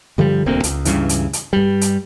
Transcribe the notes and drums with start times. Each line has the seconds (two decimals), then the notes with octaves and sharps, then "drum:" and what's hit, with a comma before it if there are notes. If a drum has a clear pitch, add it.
0.18 G2 D3 F3 G3
0.46 E1 D2 A#3 C4
0.64 C#2, drum: hi-hat
0.85 C#2 G2 C#3 E3, drum: hi-hat
1.09 drum: hi-hat
1.33 drum: hi-hat
1.53 G2 G3
1.81 drum: hi-hat